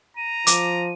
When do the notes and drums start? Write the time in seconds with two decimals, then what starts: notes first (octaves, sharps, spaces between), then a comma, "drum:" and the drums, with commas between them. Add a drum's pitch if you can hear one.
0.17 A#5 D#7
0.47 F3 D6, drum: hi-hat